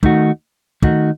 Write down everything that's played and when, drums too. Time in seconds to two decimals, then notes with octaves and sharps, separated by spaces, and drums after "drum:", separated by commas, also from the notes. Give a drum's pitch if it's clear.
0.03 D#3 A3 D#4 F#4, drum: kick
0.82 D#3 A3 D#4 F#4, drum: kick